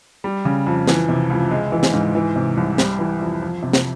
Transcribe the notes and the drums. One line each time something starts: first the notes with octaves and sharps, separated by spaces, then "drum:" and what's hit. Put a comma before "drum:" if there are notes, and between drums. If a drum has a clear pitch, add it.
G3
C#3
F2
E3, drum: snare
C3
C#2
G#3
E3
drum: snare
G#2
E3
C3
C2
G3, drum: snare
E3
F2
F3
C3
drum: snare